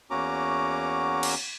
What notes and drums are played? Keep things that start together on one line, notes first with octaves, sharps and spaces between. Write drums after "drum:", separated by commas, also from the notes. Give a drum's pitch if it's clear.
E2 A#3 C#4 F#4 A#5 D6
drum: cymbal